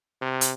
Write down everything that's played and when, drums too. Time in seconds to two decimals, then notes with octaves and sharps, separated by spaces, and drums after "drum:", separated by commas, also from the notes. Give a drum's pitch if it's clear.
0.22 C3
0.41 drum: hi-hat